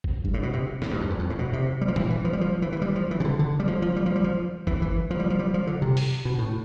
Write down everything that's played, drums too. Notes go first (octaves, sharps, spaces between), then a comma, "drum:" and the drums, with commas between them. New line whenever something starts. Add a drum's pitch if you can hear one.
drum: kick G1
G2
A2
B2
C3
A2, drum: snare
G2
F2
E2
F2
A2
B2
C3
G3
F3
E3, drum: tom A#2
E3
F3
G3
F3
E3
E3
G3
F3
E3
C3
D3
D3
G3
F3
F3
G3
F3
G3
F3
E3, drum: kick G1
E3
F3
G3
F3
G3
F3
D3
C3
drum: open hi-hat
B2
A2